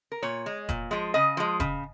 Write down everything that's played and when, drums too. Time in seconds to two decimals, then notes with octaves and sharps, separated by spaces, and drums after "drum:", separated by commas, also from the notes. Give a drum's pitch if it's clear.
0.12 A#4
0.23 A#2 C#5
0.46 G#3
0.69 A#2, drum: kick F1, hi-hat
0.91 F3 G#3
1.14 C#3 D#5
1.37 F3 G#3
1.60 C#3, drum: kick F1, hi-hat